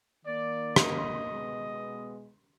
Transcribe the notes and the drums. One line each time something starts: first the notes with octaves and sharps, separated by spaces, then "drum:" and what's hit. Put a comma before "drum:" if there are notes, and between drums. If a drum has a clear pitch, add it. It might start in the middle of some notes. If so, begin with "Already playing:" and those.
D#3 A#3 D5
D#5, drum: rim click
B2 G#3 B3